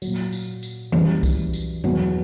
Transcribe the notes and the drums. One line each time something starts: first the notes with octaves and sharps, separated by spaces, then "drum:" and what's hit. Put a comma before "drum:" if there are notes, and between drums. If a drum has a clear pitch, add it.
A#2 F#3, drum: tambourine
drum: tambourine
drum: tambourine
F#2 E3 G3, drum: tom E3
drum: kick C2, tambourine
drum: tambourine
E2 B2 F#3, drum: tom G2